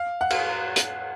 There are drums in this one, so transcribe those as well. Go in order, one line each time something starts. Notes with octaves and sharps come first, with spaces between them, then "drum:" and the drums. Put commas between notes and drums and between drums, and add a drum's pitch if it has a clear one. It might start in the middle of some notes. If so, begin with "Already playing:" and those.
Already playing: F5
F#5
F5, drum: cymbal
drum: hi-hat